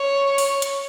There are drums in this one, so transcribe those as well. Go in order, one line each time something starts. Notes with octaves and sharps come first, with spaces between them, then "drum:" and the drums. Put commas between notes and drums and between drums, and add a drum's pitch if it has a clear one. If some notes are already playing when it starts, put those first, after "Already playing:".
Already playing: C#5
drum: open hi-hat
drum: hi-hat